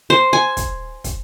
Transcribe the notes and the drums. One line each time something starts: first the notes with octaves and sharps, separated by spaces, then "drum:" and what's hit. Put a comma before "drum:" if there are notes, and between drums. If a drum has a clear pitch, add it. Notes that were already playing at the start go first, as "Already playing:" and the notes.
C5
G#5
drum: kick, hi-hat
drum: kick, hi-hat